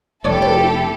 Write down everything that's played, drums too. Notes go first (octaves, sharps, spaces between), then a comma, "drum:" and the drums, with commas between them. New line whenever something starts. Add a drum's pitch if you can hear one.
F1 G2 E4 G4 A4 C#5 D5
drum: tom